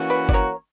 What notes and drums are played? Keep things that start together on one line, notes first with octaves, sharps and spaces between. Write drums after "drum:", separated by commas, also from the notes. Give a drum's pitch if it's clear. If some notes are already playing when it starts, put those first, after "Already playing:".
Already playing: E3 A#3 C#4 F#4
B4 D5
D5, drum: kick G1
A#4 C#5